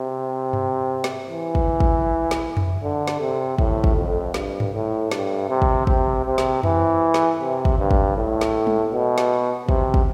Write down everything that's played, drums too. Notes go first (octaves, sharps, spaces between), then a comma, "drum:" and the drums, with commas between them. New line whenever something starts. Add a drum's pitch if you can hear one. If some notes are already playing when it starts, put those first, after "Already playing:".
Already playing: C3
drum: tom G2
drum: snare
E3
drum: kick
drum: kick
drum: snare
drum: tom F2
D3
drum: snare
C3
A2, drum: kick
drum: kick
F2
G2, drum: snare
drum: tom G2
A2
G2, drum: snare
C3
drum: kick
C3, drum: kick
C3
drum: snare
E3, drum: tom F2
drum: snare
C3
drum: kick
G2
drum: kick
A2
drum: snare
drum: tom
B2
drum: snare
C3, drum: kick
drum: kick